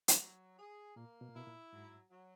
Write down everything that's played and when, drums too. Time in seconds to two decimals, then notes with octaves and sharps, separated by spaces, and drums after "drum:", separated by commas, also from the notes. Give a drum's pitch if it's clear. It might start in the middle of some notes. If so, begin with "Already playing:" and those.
0.08 drum: hi-hat
0.21 F#3
0.59 G#4
0.96 A#2 A#3
1.21 B2
1.28 A#2
1.34 B2 E4
1.47 A#2
1.73 G#2 F#3
2.10 F#3